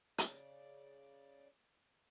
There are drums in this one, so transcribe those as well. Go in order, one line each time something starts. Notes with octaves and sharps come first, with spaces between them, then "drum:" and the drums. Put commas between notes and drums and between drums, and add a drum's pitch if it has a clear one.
C#3 D5, drum: hi-hat